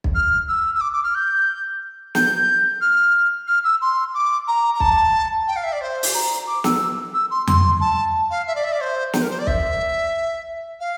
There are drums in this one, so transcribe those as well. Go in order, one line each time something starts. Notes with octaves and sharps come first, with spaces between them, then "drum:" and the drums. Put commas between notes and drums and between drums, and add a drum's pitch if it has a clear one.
drum: kick
F6
E6
E6
D6
D6
F6
G6
G6, drum: snare
F6
F6
E6
C6
D6
A#5
A#5
A5, drum: kick
G5
F5
E5
D5
C5
drum: open hi-hat
A#5
D6
E6, drum: snare
E6
C6
C6, drum: tom E2
A5
F5
E5
D5
E5
D5
C5
C5, drum: snare
A#4
C5
D5
E5, drum: kick
F5